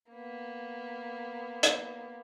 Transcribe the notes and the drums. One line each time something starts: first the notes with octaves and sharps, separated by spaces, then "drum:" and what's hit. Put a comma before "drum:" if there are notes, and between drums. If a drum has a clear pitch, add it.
A#3 B3
drum: hi-hat